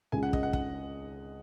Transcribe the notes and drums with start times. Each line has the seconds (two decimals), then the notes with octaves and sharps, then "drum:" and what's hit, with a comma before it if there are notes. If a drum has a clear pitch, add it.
0.12 C#2 C#3 G#3 G#5
0.23 F#5
0.33 D#5, drum: kick
0.43 F#5
0.53 F#5, drum: kick